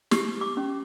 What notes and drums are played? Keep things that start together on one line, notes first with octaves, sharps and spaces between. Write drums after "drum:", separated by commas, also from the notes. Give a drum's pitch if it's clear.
G4 C#6, drum: snare
D6
C#4